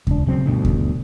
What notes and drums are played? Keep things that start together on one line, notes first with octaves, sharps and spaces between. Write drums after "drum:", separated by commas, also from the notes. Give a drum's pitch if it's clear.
C#2 D4, drum: kick D#2
C#3 F#3 C4
D2 G2 B2
drum: kick D#2